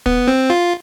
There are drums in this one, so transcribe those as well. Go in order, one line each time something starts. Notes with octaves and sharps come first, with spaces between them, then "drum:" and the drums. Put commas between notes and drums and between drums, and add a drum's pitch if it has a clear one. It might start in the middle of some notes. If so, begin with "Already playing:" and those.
B3, drum: kick
C4
F4